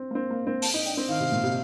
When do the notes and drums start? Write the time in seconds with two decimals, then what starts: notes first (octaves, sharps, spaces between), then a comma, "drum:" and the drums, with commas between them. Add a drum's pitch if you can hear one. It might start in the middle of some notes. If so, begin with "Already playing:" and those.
Already playing: C4
0.11 A#3
0.15 C4
0.30 A#3
0.47 C4
0.62 A5, drum: open hi-hat
0.74 D#4
0.85 D4 G5
0.97 C4
1.09 D#3 F5
1.20 C3
1.32 A#2
1.44 C3